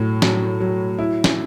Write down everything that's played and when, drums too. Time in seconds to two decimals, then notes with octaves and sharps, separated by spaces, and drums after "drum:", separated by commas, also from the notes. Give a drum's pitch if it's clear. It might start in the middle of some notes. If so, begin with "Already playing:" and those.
Already playing: A2 F#3
0.22 F#3, drum: snare
0.60 F#3
0.99 E4
1.24 drum: snare